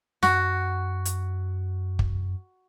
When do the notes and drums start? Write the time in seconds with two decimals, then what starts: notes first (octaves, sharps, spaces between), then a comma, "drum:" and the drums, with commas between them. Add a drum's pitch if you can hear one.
0.23 F#2 F#4, drum: snare
1.05 drum: hi-hat
1.99 drum: kick